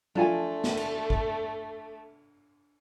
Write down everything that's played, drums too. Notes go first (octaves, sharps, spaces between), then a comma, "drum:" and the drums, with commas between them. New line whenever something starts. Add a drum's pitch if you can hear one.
A3 D4 F4 G#5, drum: tom F3
drum: snare
drum: cymbal
drum: kick